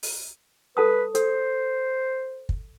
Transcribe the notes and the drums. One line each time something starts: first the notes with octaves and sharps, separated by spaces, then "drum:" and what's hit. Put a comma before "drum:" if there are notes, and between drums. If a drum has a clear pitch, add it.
drum: open hi-hat
A4 B4 A5 D#6
A4 C5, drum: hi-hat
drum: kick